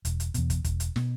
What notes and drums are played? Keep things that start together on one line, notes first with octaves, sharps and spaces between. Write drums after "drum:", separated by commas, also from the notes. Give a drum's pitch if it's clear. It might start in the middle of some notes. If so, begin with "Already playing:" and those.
E1, drum: hi-hat
drum: hi-hat
E2 B2, drum: hi-hat
drum: kick, hi-hat
E1, drum: kick, hi-hat
drum: hi-hat
B2, drum: snare